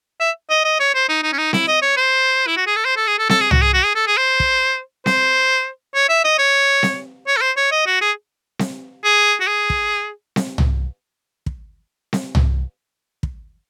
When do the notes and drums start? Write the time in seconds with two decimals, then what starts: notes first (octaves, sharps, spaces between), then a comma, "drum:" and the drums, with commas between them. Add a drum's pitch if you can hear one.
0.20 E5
0.50 D#5
0.64 D#5
0.80 C#5
0.94 C5
1.09 D#4
1.23 D#4
1.33 C#4
1.38 D#4
1.53 E4, drum: snare C4
1.67 D#5
1.82 C#5
1.97 C5
2.47 E4
2.57 F#4
2.67 G#4
2.76 A4
2.85 C5
2.96 A4
3.07 G#4
3.19 A4
3.29 A4, drum: snare C4
3.40 G#4
3.51 F#4, drum: tom
3.62 G#4
3.73 F#4
3.84 G#4
3.95 A4
4.07 G#4
4.17 C5
4.40 drum: kick
5.06 C5, drum: snare C4
5.95 C#5
6.09 E5
6.24 D#5
6.38 C#5
6.83 drum: snare C4
7.27 C#5
7.37 A4
7.41 C5
7.57 C#5
7.71 D#5
7.86 F#4
8.01 G#4
8.59 drum: snare C4
9.04 G#4
9.40 F#4
9.47 G#4
9.70 drum: kick
10.36 drum: snare C4
10.58 drum: tom
11.46 drum: kick
12.13 drum: snare C4
12.35 drum: tom
13.23 drum: kick